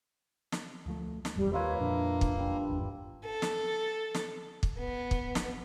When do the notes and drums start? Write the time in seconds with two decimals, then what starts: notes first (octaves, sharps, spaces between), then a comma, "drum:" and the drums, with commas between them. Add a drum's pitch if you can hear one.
0.52 drum: snare
0.86 D2 F3 A3
1.25 drum: snare
1.36 F#1 B1 E2 G3
1.53 D#2 A#3 E4 F4 B4 C#5
1.79 F2 A#2 F3 D4
2.21 drum: kick
2.38 G3 D4
2.70 G1 E2 G#2
3.25 A4
3.42 drum: snare
4.14 drum: snare
4.63 drum: kick
4.79 B3
5.11 drum: kick
5.35 drum: snare